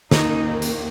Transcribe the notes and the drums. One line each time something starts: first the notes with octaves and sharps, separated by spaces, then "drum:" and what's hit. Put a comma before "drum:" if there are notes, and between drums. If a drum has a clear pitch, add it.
D#2 D#3 A#3 D#4, drum: snare
drum: hi-hat